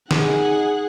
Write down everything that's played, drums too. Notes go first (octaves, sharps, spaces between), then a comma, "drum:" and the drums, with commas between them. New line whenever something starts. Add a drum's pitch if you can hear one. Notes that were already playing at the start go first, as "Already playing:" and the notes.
D#4 G#4 F#5, drum: snare